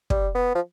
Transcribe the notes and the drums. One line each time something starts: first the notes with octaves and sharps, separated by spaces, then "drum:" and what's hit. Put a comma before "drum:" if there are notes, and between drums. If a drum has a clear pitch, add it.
G3, drum: kick
B3
F3